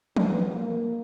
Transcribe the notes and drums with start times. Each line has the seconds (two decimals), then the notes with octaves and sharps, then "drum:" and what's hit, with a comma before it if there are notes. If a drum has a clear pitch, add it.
0.17 B1, drum: tom
0.51 A#3